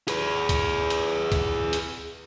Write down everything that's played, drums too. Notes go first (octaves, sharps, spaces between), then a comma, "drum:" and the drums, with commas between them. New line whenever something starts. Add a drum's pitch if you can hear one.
G#4 B4, drum: hi-hat
drum: kick C#2, hi-hat
drum: hi-hat
drum: kick C#2, hi-hat
drum: hi-hat